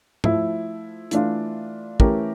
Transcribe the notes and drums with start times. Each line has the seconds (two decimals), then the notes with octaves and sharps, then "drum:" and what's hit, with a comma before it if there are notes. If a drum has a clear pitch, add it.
0.24 F3 A3 E4, drum: tom G#2
1.11 E3 A3 D4 F4, drum: hi-hat
2.00 E3 A3 C#4 G4 A#4, drum: kick